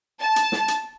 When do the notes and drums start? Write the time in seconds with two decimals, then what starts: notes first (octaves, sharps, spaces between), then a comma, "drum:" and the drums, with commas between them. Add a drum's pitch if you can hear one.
0.20 A5
0.36 drum: hi-hat
0.52 drum: snare
0.68 drum: hi-hat